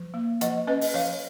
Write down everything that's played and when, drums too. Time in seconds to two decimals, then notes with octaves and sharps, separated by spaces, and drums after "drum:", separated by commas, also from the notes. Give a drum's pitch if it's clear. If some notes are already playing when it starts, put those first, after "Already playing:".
Already playing: F3
0.14 A#3
0.41 F3 D#5 F#5, drum: hi-hat
0.67 C#4 B4 D#5
0.81 drum: open hi-hat
0.94 F3 C#5 F5